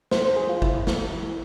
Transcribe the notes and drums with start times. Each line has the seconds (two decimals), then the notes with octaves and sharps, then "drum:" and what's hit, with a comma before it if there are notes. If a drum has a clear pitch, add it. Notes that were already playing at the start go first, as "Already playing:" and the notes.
0.11 C5, drum: snare
0.25 C5
0.36 G#4
0.49 F4
0.62 E4, drum: kick
0.87 drum: snare